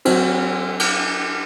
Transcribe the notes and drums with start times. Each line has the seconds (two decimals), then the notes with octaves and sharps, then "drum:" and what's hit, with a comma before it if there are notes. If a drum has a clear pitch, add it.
0.05 F#3 C4, drum: cymbal
0.80 drum: cymbal